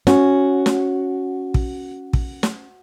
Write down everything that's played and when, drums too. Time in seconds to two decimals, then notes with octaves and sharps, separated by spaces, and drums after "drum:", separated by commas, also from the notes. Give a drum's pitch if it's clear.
0.07 C#4 F#4, drum: snare
0.66 drum: snare
1.54 drum: kick
2.13 drum: kick
2.43 drum: snare